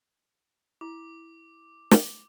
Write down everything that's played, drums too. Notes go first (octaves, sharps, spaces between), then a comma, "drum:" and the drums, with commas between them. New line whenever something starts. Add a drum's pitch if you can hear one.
E4 D6
drum: snare